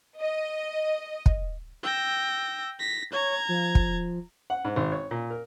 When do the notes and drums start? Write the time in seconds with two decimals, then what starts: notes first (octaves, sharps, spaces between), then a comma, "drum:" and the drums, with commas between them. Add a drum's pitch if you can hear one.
0.21 D#5
1.26 drum: kick
1.83 G5 E6 A#6
2.79 A#6 B6
3.13 C#5 A#5 G#6
3.49 F3
3.75 drum: kick
4.50 F#5
4.65 G#2
4.76 G#1
4.92 C#5
5.11 A#2
5.30 A#4